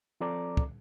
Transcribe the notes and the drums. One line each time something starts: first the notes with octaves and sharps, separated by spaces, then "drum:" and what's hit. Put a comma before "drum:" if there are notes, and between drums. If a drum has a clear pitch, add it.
F3 C4 A4 D5 A#5 D6
drum: kick